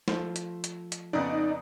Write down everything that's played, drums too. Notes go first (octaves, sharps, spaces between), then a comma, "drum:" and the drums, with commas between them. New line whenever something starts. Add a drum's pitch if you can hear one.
F3 A3 C5, drum: snare
drum: hi-hat
drum: hi-hat
drum: hi-hat
F2 C#3 B3 D#4 D5 A#5 D#6